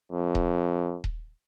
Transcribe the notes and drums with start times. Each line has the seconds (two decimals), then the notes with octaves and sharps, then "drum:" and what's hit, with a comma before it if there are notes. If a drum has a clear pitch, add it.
0.12 F2
0.35 drum: kick D#1
1.04 drum: kick D#1